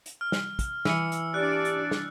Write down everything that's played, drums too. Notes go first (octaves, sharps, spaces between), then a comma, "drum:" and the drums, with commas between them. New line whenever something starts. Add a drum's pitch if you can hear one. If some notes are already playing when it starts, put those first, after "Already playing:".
drum: hi-hat
F6
drum: snare
drum: kick, hi-hat
E3 E6 C#7, drum: snare
drum: hi-hat
D4 G4 D5 F#6
drum: hi-hat
drum: snare